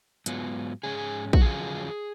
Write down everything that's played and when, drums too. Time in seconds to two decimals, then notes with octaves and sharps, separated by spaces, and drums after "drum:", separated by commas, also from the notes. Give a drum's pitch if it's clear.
0.26 G#2 F#3 B3 F4, drum: hi-hat
0.83 G#2 G#3 C#4 G#4
1.33 F#4, drum: kick
1.41 F2 D3 F#3 C#4 F4 G#4